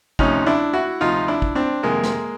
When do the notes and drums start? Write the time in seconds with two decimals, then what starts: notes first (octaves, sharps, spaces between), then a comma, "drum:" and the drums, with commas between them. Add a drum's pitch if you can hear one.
0.19 D2 C3 F3 C#4 D#4, drum: kick
0.46 D4 E4
0.73 E4 F#4
1.01 D2 C3 F3 D#4 F4
1.28 D4 E4
1.42 drum: kick
1.55 C4 D4
1.83 F2 C3 D#3 G#3 A#3
2.03 drum: snare